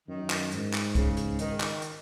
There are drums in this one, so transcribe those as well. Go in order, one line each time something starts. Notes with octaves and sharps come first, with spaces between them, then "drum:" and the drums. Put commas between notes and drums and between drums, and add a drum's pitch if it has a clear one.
F#2 D#3
drum: clap
G#2, drum: hi-hat
drum: clap
C#3, drum: kick, hi-hat
drum: hi-hat
D#3, drum: hi-hat
drum: clap
drum: hi-hat